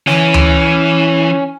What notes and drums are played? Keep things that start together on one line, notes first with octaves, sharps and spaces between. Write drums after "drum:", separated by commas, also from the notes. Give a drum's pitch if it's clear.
E3 C#4, drum: snare
drum: tom D2